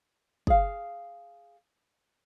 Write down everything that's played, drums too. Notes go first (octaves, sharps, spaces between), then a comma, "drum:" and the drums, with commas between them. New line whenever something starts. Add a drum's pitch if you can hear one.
G#4 F5, drum: kick